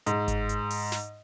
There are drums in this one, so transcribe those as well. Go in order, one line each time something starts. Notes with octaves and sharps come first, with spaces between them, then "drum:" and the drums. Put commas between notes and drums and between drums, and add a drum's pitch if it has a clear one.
G#2, drum: hi-hat
drum: kick G1, hi-hat
drum: hi-hat
drum: open hi-hat
drum: snare